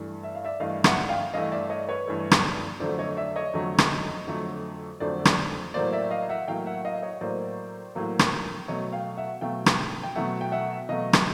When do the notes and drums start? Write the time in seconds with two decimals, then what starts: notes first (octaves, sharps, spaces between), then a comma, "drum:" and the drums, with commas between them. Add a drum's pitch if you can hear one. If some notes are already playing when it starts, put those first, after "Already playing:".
Already playing: G2 E3 A3
0.23 E5
0.35 F5
0.45 D5 E5
0.60 G2 E3 A3 D#5 F5
0.84 E5 F#5, drum: rim click
1.09 F5 G5
1.34 G2 E3 A3 D#5 F5
1.52 D5 E5
1.70 C#5 D#5
1.89 B4 C#5
2.07 G2 E3 A3
2.31 drum: rim click
2.80 F2 D3 F#3 A3 C5 D5
2.99 C#5 D#5
3.17 D5 E5
3.36 C#5 D#5
3.53 F2 D3 F#3 A3
3.78 drum: rim click
4.27 F2 D3 F#3 A3
5.00 F2 D3 F#3 A3 C5 D5
5.25 drum: rim click
5.74 A2 F#3 A#3 C5 D5
5.93 D5 E5
6.11 D#5 F5
6.29 E5 F#5
6.47 A2 F#3 A#3 F5 G5
6.66 E5 F#5
6.85 D#5 F5
7.02 C#5 D#5
7.21 A2 F#3 A#3 C5 D5
7.95 A2 F#3 A#3
8.19 drum: rim click
8.68 B2 F#3 A3 C#5 D#5
8.93 F5 G5
9.17 E5 F#5
9.41 B2 F#3 A3 F5 G5
9.66 drum: rim click
10.03 G5
10.15 B2 F#3 A3 E5 F#5
10.41 G5
10.52 E5 F#5
10.89 B2 F#3 A3 D#5 F5
11.13 drum: rim click